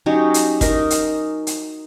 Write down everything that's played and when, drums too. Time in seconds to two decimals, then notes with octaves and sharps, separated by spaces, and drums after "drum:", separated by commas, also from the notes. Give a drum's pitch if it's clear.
0.06 F#3 C#4 D#4 G4
0.34 drum: hi-hat
0.61 D#4 A#4, drum: kick, hi-hat
0.90 drum: hi-hat
1.47 drum: hi-hat